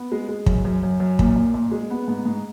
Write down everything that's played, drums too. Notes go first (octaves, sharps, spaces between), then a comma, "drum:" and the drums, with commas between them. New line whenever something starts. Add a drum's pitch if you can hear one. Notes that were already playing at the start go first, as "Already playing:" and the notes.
Already playing: B3
G#3
G#3
F#2, drum: kick
F#2
F#2
F#2
A#2, drum: kick
A#2
A#2
G#3
B3
G#2
G#2